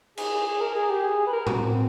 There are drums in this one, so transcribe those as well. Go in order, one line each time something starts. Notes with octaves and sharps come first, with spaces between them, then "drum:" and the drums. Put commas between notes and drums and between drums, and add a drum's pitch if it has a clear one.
G#4, drum: cymbal
G#4
A#4
G#4
G4
G#4
B4
A#4
F#4, drum: tom A2
C4